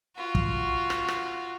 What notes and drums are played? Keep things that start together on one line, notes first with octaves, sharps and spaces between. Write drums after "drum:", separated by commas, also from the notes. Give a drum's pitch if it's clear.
F4 F#4
drum: kick
drum: rim click
drum: rim click